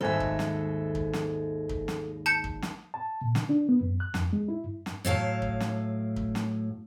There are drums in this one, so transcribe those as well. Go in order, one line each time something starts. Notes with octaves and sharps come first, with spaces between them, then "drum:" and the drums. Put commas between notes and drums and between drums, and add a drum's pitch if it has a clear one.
G#1 D#2 A4 C5 E5 G#5
drum: kick
drum: snare
drum: kick
drum: snare
drum: kick
drum: snare
A5 G6 C#7
drum: kick
drum: snare
A5
A#2
D3, drum: snare
D4
B3
F#2
F#6
F2, drum: snare
G#3
E4
G2
drum: snare
A2 F#3 F5 A5
drum: kick
drum: snare
drum: kick
drum: snare